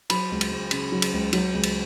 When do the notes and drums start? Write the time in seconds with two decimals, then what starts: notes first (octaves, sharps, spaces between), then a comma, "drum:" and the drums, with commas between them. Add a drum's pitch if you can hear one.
0.10 F#3 B5, drum: cymbal
0.31 C#2
0.41 drum: cymbal
0.50 C#2
0.71 C#3, drum: cymbal
0.92 F#3
1.02 drum: cymbal
1.13 C#2
1.33 F#3, drum: cymbal
1.53 C#2
1.63 drum: cymbal